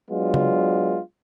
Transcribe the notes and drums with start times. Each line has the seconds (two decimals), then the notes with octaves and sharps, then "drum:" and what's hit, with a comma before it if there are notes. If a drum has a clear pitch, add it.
0.11 F#3 G#3 B3 D4 F4
0.34 drum: tom C#3